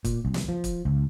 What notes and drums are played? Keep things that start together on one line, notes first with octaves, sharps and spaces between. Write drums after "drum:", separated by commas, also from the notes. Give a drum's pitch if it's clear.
A#2, drum: kick, hi-hat
C2
drum: snare
F3
drum: kick, hi-hat
C#2